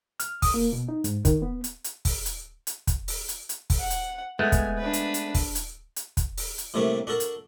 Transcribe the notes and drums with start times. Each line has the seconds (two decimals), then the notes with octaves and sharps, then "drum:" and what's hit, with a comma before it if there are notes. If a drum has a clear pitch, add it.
0.20 F6, drum: hi-hat
0.42 D#6, drum: kick, open hi-hat
0.54 A#3
0.73 B2
0.89 D#4
1.04 G#2, drum: hi-hat
1.25 D#3, drum: kick, hi-hat
1.42 B3
1.64 drum: hi-hat
1.84 drum: hi-hat
2.05 drum: kick, open hi-hat
2.26 drum: hi-hat
2.67 drum: hi-hat
2.87 drum: kick, hi-hat
3.08 drum: open hi-hat
3.29 drum: hi-hat
3.49 drum: hi-hat
3.70 drum: kick, open hi-hat
3.80 F#5
3.90 drum: hi-hat
4.39 G#3 A3 B3 G#5
4.52 drum: kick, hi-hat
4.78 D4 B4
4.93 drum: hi-hat
5.14 drum: hi-hat
5.35 drum: kick, open hi-hat
5.55 drum: hi-hat
5.96 drum: hi-hat
6.17 drum: kick, hi-hat
6.38 drum: open hi-hat
6.58 drum: hi-hat
6.74 A2 C3 G3 A3 A#3 D4
7.07 D4 F#4 A4 A#4
7.20 drum: hi-hat